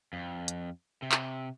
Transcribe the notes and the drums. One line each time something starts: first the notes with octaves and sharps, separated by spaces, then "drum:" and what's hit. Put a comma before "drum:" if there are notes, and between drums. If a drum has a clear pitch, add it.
F2
drum: hi-hat
C3
drum: clap